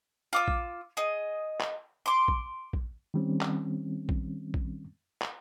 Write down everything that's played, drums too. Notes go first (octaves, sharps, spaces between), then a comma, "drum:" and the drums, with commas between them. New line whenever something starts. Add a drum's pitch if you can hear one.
F4 D6 E6
drum: kick A#1
G#4 D#5
drum: clap
C6 D6
drum: kick A#1
drum: kick A#1
D#3 G3 C4 C#4
drum: clap
drum: kick A#1
drum: kick A#1
drum: clap